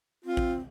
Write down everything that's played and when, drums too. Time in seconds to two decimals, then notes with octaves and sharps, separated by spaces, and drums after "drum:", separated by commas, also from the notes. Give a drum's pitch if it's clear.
0.24 C4 F4
0.37 drum: kick A1